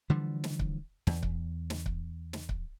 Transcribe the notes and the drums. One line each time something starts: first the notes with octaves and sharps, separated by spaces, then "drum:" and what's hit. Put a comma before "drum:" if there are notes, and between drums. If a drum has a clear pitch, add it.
D3 E3 F3 G3
drum: snare
drum: kick C#1
E2, drum: snare
drum: kick C#1
drum: snare
drum: kick C#1
drum: snare
drum: kick C#1